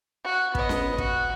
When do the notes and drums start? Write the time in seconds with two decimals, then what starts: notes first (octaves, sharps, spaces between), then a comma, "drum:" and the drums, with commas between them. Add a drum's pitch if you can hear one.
0.25 F#4
0.55 B3 D#5, drum: kick
0.69 drum: snare C#4
0.98 F#4, drum: kick